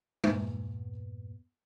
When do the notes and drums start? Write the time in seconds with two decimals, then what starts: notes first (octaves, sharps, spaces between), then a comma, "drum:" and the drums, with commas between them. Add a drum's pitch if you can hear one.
0.24 E2 G2 A#2 B3, drum: tom G#3